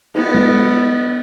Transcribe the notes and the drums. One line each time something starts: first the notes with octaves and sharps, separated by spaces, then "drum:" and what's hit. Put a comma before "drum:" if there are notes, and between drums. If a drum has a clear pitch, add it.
B3, drum: cymbal
drum: tom G#3